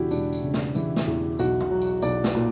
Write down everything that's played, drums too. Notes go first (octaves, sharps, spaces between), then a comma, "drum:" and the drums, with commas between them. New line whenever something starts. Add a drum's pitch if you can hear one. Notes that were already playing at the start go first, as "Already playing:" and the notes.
Already playing: E1 E2 C#3 E3 D4 E4 F#4 G4
E1 D4, drum: tambourine
drum: tambourine
C#3
drum: snare
E3, drum: tambourine
drum: snare
E2
B1 F#4, drum: tambourine
drum: tom B2
F#3
drum: tambourine
B1 D5, drum: tambourine
drum: snare
A#2